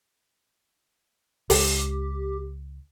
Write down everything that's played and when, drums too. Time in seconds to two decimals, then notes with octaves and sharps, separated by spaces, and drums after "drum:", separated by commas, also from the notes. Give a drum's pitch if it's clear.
1.50 C#2 C#3 G#3 G4, drum: open hi-hat